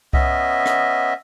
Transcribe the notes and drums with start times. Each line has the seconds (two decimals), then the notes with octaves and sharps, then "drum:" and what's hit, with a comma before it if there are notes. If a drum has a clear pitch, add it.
0.13 B3 C#4 D#5 E5, drum: kick C2
0.66 drum: rim click